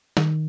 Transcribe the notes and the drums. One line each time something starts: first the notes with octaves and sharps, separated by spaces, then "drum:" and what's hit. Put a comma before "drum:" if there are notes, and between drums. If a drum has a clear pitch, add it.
D#3, drum: snare